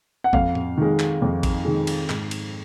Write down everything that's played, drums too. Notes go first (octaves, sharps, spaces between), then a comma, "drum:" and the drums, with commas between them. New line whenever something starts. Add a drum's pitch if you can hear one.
F#5
F2 F5, drum: kick G#1
drum: tom A2
D#3 G#3
drum: clap
F2
drum: kick G#1, cymbal
D#3 G#3
drum: cymbal
G#2, drum: clap
drum: cymbal